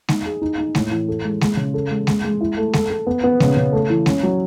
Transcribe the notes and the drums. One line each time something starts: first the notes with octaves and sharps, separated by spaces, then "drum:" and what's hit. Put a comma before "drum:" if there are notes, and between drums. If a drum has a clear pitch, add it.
D#4, drum: snare G#3
G#4
D#4
D#4
A2, drum: snare G#3
E3
A4
G#3
G#3, drum: snare G#3
C#3
A4
G#3
G#3, drum: snare G#3
G#3
E4
A3
A4, drum: snare G#3
A4
B3
B3
C#3, drum: snare G#3
C#3
A3
E3
C#4, drum: snare G#3
F#3